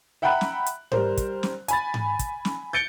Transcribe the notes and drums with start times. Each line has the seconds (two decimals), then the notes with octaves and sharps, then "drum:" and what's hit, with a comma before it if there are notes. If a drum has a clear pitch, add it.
0.22 E5 F#5 G5 A#5 B5 F#6
0.41 drum: snare
0.66 drum: hi-hat
0.92 G3 A#4 C5, drum: tom G#2
1.17 drum: kick, hi-hat
1.43 drum: snare
1.68 G#5 B5 A6, drum: hi-hat
1.94 drum: tom G#2
2.19 drum: kick, hi-hat
2.45 drum: snare
2.73 G6 A6 C#7 D7 G7